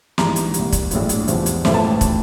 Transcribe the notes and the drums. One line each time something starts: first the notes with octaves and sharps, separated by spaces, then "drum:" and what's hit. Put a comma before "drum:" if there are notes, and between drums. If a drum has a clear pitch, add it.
A#1 G#2 E3 G3 A#5, drum: snare
drum: hi-hat
C2 A#2 G3, drum: hi-hat
drum: kick, hi-hat
A#1 A2 F#3, drum: hi-hat
drum: hi-hat
E2 C3 F3, drum: hi-hat
drum: hi-hat
A1 A2 F3 A3, drum: snare
A5
drum: kick, hi-hat